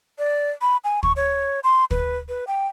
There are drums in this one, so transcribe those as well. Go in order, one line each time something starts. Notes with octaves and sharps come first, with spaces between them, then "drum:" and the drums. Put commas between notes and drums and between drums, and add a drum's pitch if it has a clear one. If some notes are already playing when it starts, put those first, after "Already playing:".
D5
B5
G#5
C#6, drum: kick
C#5
C6
B4, drum: kick
B4
G5